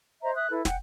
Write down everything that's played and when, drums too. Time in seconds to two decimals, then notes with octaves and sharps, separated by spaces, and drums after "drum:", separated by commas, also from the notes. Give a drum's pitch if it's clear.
0.22 C5 D#5 E5 A#5
0.35 E5 D#6 F#6
0.50 E4 A4 B4
0.65 F#5 G5, drum: snare